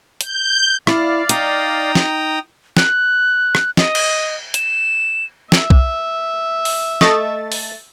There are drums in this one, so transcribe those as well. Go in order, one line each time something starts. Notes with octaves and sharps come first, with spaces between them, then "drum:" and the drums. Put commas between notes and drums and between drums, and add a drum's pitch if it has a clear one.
G6, drum: hi-hat
E4 D5 F5, drum: rim click
D#4 G5 A#5 D#6, drum: hi-hat
drum: snare
F#6, drum: snare
drum: rim click
D#5, drum: snare
drum: cymbal
E7, drum: hi-hat
E5, drum: snare
drum: kick B1
drum: open hi-hat
A3 D#5 A6, drum: snare
drum: open hi-hat